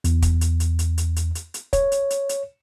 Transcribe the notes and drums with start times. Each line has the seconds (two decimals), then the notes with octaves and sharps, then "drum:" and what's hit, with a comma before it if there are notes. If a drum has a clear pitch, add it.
0.04 E2, drum: hi-hat
0.22 drum: kick, hi-hat
0.41 drum: hi-hat
0.60 drum: hi-hat
0.79 drum: hi-hat
0.98 drum: hi-hat
1.16 drum: hi-hat
1.35 drum: hi-hat
1.54 drum: hi-hat
1.73 C#5, drum: kick, hi-hat
1.92 drum: hi-hat
2.10 drum: hi-hat
2.29 drum: hi-hat